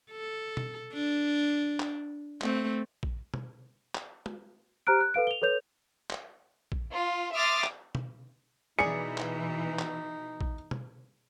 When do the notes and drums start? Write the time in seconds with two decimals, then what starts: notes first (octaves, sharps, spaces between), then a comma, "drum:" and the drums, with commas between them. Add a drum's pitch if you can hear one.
0.11 A4
0.57 drum: tom B2
0.93 D4
1.80 drum: clap
2.41 A3 C4, drum: clap
3.03 drum: kick A#1
3.34 drum: tom
3.95 drum: clap
4.26 drum: tom
4.87 G4 C5 A#5 F6 F#6 D7
5.01 F#6
5.14 A4 B4 F5 D7
5.27 F7 G7
5.42 A4 B4 C#5 G6 F7
6.10 drum: clap
6.72 drum: kick A#1
6.95 F4
7.34 E5 C6 D6 D#6 F6 A6
7.64 drum: clap
7.95 drum: tom
8.79 B2 E3 D#4 G#4 D5 C#7
9.18 drum: clap
9.79 drum: clap
10.41 drum: kick A#1
10.71 drum: tom